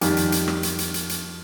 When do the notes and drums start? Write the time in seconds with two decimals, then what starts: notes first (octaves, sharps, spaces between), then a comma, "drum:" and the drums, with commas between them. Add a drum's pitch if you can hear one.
0.01 F2 D#3 G3, drum: hi-hat
0.17 drum: hi-hat
0.32 drum: hi-hat
0.48 drum: rim click
0.63 drum: hi-hat
0.78 drum: hi-hat
0.94 drum: hi-hat
1.09 drum: hi-hat